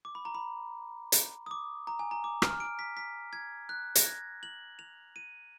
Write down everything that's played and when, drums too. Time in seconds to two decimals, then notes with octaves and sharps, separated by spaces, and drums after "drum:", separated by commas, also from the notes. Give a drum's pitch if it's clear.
0.05 D6
0.15 B5
0.25 A#5
0.35 B5
1.12 drum: hi-hat
1.46 D#6
1.51 D6
1.87 A#5
1.99 G#5
2.11 A#5
2.24 D6
2.42 F6, drum: rim click
2.60 D7
2.79 B6
2.97 B6
3.33 G#6
3.69 F#6
3.95 A#6, drum: hi-hat
4.06 G#6
4.43 F#7
4.79 F7
5.16 D#7